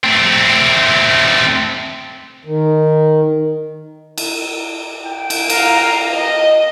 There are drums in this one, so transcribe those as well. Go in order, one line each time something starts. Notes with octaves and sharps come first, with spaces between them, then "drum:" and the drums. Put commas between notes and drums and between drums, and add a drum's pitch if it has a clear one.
A3 C4
D#3
drum: cymbal
G5
drum: cymbal
F5 A#5, drum: cymbal
D#5